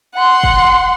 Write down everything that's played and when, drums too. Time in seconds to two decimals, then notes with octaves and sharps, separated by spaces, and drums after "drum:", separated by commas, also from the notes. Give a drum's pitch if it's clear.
0.15 F#5 C6
0.43 drum: kick